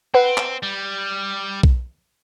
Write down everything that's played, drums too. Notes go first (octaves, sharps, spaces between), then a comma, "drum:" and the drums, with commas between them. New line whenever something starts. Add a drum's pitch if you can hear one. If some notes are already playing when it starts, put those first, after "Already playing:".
C4 B4 F#5
drum: clap
G3
drum: kick B1